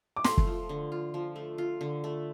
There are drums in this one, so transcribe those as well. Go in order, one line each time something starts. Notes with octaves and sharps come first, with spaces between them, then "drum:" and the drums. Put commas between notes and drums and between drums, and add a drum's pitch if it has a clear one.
D6
A3 C6, drum: snare
drum: kick
F3
D3
F4
F3
A3
F4
D3
A3